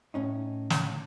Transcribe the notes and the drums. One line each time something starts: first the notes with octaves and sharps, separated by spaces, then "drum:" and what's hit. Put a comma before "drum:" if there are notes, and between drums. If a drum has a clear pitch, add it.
A2 C#4 D#4
drum: snare